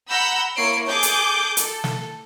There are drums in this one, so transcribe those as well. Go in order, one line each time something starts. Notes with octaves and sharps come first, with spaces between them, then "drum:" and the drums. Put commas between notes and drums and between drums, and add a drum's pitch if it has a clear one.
F#5 A#5 B5 E6 G6
A#3 E4 C#5 C7 D7
G#4 A4 D6 G6
drum: hi-hat
A4, drum: hi-hat
drum: snare